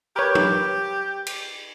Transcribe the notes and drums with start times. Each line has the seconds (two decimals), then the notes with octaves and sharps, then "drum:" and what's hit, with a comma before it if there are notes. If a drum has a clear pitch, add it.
0.16 G4 A#4 B4 C#5
0.35 drum: tom
1.27 drum: cymbal